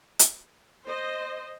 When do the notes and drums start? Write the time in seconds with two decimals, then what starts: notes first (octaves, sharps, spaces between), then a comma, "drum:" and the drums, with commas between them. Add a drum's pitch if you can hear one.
0.19 drum: hi-hat
0.87 C5 D#5